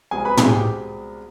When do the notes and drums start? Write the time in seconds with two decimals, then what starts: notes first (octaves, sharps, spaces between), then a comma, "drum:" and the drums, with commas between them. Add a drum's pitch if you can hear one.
0.11 C2 B2 G#3 C4 G#4 G#5
0.25 B4 B5
0.37 G#4 G#5, drum: tom
0.51 G4 G5